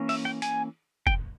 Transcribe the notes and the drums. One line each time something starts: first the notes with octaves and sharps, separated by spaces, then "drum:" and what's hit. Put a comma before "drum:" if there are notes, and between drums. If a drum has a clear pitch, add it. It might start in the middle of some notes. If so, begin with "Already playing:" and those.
Already playing: E3 A#3 C#4
E5, drum: open hi-hat
G5
G#5, drum: hi-hat
G5, drum: kick